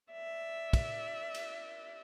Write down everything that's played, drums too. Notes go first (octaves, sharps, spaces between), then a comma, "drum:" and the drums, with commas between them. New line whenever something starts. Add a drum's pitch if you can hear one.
D5 E5
drum: kick, cymbal
drum: cymbal